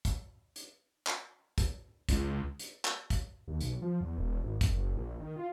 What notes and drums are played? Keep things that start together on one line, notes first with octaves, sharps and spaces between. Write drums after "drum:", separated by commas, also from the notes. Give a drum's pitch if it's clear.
drum: kick, hi-hat
drum: hi-hat
drum: clap
drum: kick, hi-hat
C#2, drum: kick, hi-hat
drum: hi-hat
drum: clap
drum: kick, hi-hat
D#2
B1, drum: hi-hat
F3
E2
E1
G#1
F#1, drum: kick, hi-hat
A#1
D#3
F4